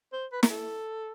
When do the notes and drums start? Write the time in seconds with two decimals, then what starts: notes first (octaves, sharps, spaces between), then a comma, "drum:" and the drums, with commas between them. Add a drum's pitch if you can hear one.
0.13 C5
0.32 B4
0.43 A#4, drum: snare
0.50 A4